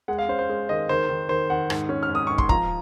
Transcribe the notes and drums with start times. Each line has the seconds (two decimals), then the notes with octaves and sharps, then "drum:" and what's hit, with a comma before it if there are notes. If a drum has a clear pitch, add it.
0.08 G#3 F#5
0.19 F5
0.29 C#4 C5
0.39 C5
0.49 G#3
0.69 D#3 D#5
0.89 D#3 C5
1.09 D#3
1.29 D#3 C5
1.50 D#3 F#5
1.70 G#2, drum: rim click
1.89 C#4
2.03 F6
2.09 G#2
2.15 D#6
2.27 G#2 C#6
2.38 C6, drum: kick
2.49 F3 A#5, drum: kick